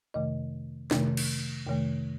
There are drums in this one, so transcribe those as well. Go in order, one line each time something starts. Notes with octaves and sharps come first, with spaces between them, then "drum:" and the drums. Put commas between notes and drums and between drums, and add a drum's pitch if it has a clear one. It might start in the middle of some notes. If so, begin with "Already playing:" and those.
F2 C3 D#3 A3 D#5
F2 C3 D#3 A3, drum: snare
drum: cymbal
F2 C3 D#3 A3